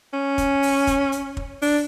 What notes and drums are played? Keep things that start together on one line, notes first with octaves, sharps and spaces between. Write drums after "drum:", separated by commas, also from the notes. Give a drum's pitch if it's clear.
C#4
drum: kick, hi-hat
drum: open hi-hat
drum: kick, hi-hat
drum: hi-hat
drum: kick
D4, drum: open hi-hat